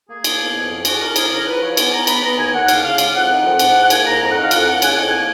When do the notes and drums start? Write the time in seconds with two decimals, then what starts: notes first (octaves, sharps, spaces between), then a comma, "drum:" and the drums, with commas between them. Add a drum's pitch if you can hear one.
0.09 A#3 G#4
0.24 A#3, drum: cymbal
0.40 B2
0.55 F2
0.70 F2
0.85 F2 F#4, drum: cymbal
0.93 G#4
1.00 F2 A#4
1.10 A#4
1.16 F3 G#4, drum: cymbal
1.31 C#3 A#4
1.46 F3 B4
1.62 F3 C#5
1.77 B3 G#5, drum: cymbal
1.92 B3 A#5
2.07 B3 B5, drum: cymbal
2.23 B3 A#5
2.37 D#2 G#5
2.54 D#2 F#5
2.68 C#3 F5, drum: cymbal
2.83 C#3 F5
2.98 G#3 F5, drum: cymbal
3.14 F2 F#5
3.30 D#3
3.44 F2
3.59 G#2, drum: cymbal
3.75 G#2
3.83 F#5
3.90 A#3 G#5, drum: cymbal
4.06 G#2 A#5
4.20 F2 A#5
4.31 F#5
4.36 D#3
4.41 F5
4.51 F2 F#5, drum: cymbal
4.66 A#3 F#5
4.82 C#3 G#5, drum: cymbal
4.96 F2 F#5
5.09 A#3 G#5